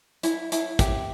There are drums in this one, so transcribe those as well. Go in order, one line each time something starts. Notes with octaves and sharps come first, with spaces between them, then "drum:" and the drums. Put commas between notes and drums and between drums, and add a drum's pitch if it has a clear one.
E4, drum: hi-hat
E4, drum: hi-hat
G4, drum: kick, hi-hat